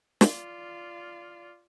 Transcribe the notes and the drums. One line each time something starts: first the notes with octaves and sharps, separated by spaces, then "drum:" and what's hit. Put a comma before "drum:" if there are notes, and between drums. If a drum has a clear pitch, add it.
F4 D5, drum: snare